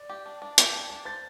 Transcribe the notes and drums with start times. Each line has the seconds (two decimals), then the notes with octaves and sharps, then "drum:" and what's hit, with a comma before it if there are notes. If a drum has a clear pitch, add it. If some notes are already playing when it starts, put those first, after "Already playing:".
Already playing: D5
0.09 G4
0.26 D4
0.42 D4
0.58 G4 E5, drum: hi-hat
0.73 D4 G5
0.90 D4 A5
1.05 C5 A6